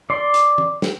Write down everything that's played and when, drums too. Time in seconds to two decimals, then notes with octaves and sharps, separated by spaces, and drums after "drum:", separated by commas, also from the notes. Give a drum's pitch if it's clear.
0.10 D5 C6
0.34 drum: hi-hat
0.58 drum: tom E3
0.82 drum: snare